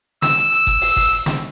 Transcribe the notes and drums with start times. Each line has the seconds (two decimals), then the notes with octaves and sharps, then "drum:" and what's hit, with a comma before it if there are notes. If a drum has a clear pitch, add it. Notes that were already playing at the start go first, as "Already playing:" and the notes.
0.22 E6, drum: snare
0.37 drum: hi-hat
0.52 drum: hi-hat
0.67 drum: kick F#1, hi-hat
0.82 drum: open hi-hat
0.96 drum: kick F#1, open hi-hat
1.11 drum: hi-hat
1.26 drum: snare